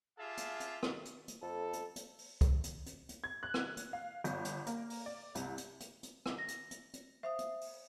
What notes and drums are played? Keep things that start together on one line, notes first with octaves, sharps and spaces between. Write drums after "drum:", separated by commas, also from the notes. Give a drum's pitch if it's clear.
F4 G4 G#4 E5 F5 A5
drum: hi-hat
drum: hi-hat
drum: rim click
drum: hi-hat
drum: hi-hat
F2 A4
drum: hi-hat
drum: hi-hat
drum: open hi-hat
drum: kick C2, hi-hat
drum: hi-hat
drum: hi-hat
drum: hi-hat
G#6
F#6
drum: rim click
drum: hi-hat
F5
G1, drum: hi-hat
drum: hi-hat
A#3, drum: hi-hat
drum: open hi-hat
D5
C2, drum: hi-hat
drum: hi-hat
drum: hi-hat
drum: hi-hat
drum: rim click
A#6
drum: hi-hat
drum: hi-hat
drum: hi-hat
C5 E5 F5 D#6
drum: hi-hat
drum: open hi-hat